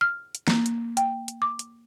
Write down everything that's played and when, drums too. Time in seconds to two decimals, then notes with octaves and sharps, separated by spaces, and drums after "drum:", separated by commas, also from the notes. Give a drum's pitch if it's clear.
0.01 F6
0.35 drum: hi-hat
0.48 A#3, drum: snare
0.66 drum: hi-hat
0.97 G5, drum: hi-hat
1.28 drum: hi-hat
1.42 D6
1.59 drum: hi-hat